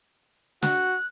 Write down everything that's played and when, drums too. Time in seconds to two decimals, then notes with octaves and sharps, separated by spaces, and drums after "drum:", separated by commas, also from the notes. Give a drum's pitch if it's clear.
0.62 F#4 F#6, drum: snare